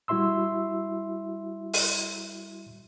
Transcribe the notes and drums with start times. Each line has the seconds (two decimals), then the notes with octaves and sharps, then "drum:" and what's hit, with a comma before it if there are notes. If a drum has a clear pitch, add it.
0.08 G3 E4 F#4 E5 C6 E6
1.73 drum: open hi-hat